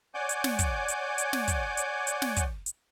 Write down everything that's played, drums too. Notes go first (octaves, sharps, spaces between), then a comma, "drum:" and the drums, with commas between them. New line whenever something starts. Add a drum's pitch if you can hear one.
C#5 D5 F#5 G#5 D6 G6
drum: hi-hat
drum: snare
drum: kick, hi-hat
drum: hi-hat
drum: hi-hat
drum: snare
drum: kick, hi-hat
drum: hi-hat
drum: hi-hat
drum: snare
drum: kick, hi-hat
drum: hi-hat